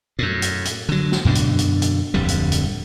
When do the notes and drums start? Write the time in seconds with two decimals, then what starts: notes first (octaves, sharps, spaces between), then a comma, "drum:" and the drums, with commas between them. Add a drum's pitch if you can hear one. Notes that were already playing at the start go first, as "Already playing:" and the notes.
0.19 F#2 A2
0.42 drum: hi-hat
0.65 drum: hi-hat
0.89 D3 F#3
1.12 drum: snare
1.25 F#2 B2 D3 D4
1.35 drum: hi-hat
1.59 drum: hi-hat
1.82 drum: hi-hat
2.14 D1 F2 D3 G3
2.28 drum: hi-hat
2.52 drum: hi-hat